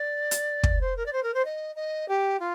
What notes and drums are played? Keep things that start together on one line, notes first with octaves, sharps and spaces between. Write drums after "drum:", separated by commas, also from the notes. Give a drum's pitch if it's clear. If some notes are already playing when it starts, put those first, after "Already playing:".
Already playing: D5
drum: hi-hat
drum: kick
C5
A#4
D5
C5
A#4
C5
D#5
D#5
G4
F4